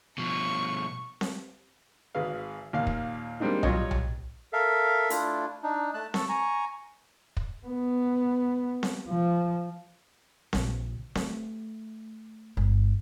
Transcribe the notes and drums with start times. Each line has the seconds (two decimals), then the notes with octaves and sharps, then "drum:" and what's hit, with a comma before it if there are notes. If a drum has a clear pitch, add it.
0.18 B2 F3 C#6
1.21 drum: snare C4
2.15 G#1 G#4 B4 F5
2.73 D#2 A#2 F5
2.87 drum: kick
3.40 G3 G#3 A#3 C4 D4 D#4
3.63 F#3 G3 F4 C#5 D#5, drum: tom B1
3.91 drum: tom B1
4.53 A4 A#4 E5 F5
5.10 A3 D4 E4 F4, drum: hi-hat
5.63 D4 D#4
5.94 A3 A5 F#6
6.14 A5 C#6 E6, drum: snare C4
6.29 G#5 A#5 C#6
7.37 drum: kick
7.67 B3
8.83 drum: snare C4
9.08 F3
10.53 A#1 C#3, drum: snare C4
11.15 A3, drum: snare C4
12.57 G1